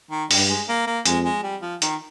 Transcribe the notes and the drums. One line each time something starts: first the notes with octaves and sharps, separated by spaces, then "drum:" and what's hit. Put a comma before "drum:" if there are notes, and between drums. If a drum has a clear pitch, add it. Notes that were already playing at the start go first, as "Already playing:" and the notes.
D#3
G2 G3, drum: open hi-hat
G#3
A#3
A#3
F2 G#3, drum: hi-hat
G#3
G3
F3
D#3, drum: hi-hat